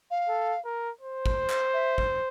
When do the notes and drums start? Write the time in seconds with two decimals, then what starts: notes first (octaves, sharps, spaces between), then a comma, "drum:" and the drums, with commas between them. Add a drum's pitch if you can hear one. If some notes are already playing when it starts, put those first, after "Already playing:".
0.11 F5
0.29 A4
0.65 A#4
1.01 C5
1.26 drum: kick
1.50 drum: clap
1.73 E5
1.98 drum: kick